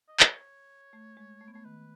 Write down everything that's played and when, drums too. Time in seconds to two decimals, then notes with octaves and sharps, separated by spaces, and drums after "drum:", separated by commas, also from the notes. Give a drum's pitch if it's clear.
0.08 D#5
0.20 C#5, drum: clap
0.93 A3
1.17 G#3
1.41 A3
1.48 B3
1.53 A3 C#5
1.65 D#3 B4